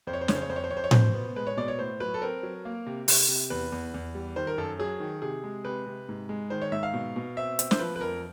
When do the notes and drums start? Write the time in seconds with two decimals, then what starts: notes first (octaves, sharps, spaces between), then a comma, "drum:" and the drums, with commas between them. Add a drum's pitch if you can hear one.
0.07 F2 C5
0.13 C#5
0.21 C5
0.28 C#3 C#5, drum: snare
0.35 C5
0.42 C#5
0.50 F2 C5
0.56 C#5
0.64 C5
0.70 F2 C#5
0.77 C5
0.84 C#5
0.91 B2 C5, drum: tom A2
1.14 B3
1.36 G#3 B4
1.47 C#5
1.57 B2 D5
1.68 C#5
1.79 A2 C5
2.00 F#3 B4
2.14 A4
2.22 C4 A#4
2.43 F#3
2.65 A#3
2.87 C3
3.08 C3, drum: open hi-hat
3.28 C3
3.50 E2 B4
3.72 E2
3.94 E2
4.15 G3
4.36 D#3 C5
4.47 A#4
4.58 F#2 A4
4.79 F#3 G#4
5.00 D#3
5.22 C3 G#4
5.44 G#3
5.65 C3 B4
5.86 C3
6.09 G#2
6.29 G#3
6.50 D#3 C5
6.62 C#5
6.72 G#2 E5
6.83 F5
6.94 B2
7.16 B2
7.37 C4 E5
7.59 C4, drum: hi-hat
7.71 C5, drum: snare
7.79 F3 B4
7.96 B4
8.01 F2 A#4